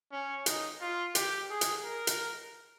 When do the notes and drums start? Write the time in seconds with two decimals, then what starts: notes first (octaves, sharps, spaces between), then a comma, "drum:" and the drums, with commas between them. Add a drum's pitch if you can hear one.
0.12 C#4
0.46 D#4, drum: hi-hat
0.81 F4
1.15 G4, drum: hi-hat
1.50 G#4
1.61 drum: hi-hat
1.84 A#4
2.07 drum: hi-hat